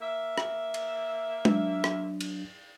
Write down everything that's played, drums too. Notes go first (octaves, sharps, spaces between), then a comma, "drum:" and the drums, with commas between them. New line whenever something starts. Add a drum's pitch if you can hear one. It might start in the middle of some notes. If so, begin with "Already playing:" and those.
A#3 E5
drum: rim click
drum: cymbal
F#3 D4, drum: tom
drum: rim click
drum: cymbal